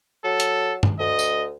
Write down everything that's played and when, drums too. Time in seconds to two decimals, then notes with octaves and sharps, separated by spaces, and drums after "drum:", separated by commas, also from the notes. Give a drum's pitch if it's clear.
0.24 F#3 A4
0.40 drum: hi-hat
0.83 drum: tom G2
0.99 D2 D#5
1.19 drum: tambourine